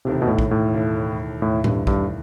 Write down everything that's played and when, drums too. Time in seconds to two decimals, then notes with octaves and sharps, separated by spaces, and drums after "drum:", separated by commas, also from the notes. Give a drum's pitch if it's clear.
0.05 E1 D#2 C3 D#3 A3 E4
0.22 B2
0.28 A2
0.39 drum: kick A#1
0.51 A2
0.73 E1 D#2 D#3 A3 E4
1.41 E1 D#2 A2 D#3 A3 E4
1.64 G2, drum: tom A2
1.87 G2, drum: kick A#1